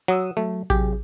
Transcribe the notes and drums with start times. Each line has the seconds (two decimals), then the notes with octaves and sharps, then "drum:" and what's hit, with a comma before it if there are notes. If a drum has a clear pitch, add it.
0.08 F#3 F#5 D#6 E6
0.37 F#3 A3
0.70 C3 F#3 G4 G#4, drum: kick A1